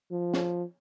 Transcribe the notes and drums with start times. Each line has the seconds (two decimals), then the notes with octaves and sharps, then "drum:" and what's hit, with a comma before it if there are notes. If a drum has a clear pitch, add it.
0.12 F3
0.34 drum: snare